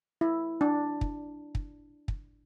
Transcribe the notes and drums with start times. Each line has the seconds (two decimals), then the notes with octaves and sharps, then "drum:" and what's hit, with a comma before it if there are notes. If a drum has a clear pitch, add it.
0.21 E4
0.61 D4
1.01 drum: kick
1.55 drum: kick
2.08 drum: kick